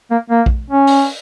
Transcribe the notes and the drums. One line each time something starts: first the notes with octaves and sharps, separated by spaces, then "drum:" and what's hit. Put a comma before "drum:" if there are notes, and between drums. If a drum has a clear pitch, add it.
A#3
A#3
drum: kick A#1
C#4
drum: open hi-hat